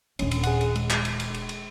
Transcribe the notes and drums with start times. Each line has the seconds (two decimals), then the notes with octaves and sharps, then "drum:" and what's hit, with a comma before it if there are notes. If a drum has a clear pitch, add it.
0.19 D#1 C#4 D4, drum: cymbal
0.31 drum: cymbal
0.43 G#4 F#5, drum: cymbal
0.61 drum: cymbal
0.75 G#3, drum: cymbal
0.90 drum: clap
1.05 drum: cymbal
1.20 drum: cymbal
1.34 drum: cymbal
1.49 drum: cymbal